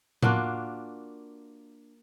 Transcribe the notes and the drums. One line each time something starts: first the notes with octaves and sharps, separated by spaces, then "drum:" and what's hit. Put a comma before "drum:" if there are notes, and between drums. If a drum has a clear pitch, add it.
A#3 D4 F4 F#4, drum: tom A2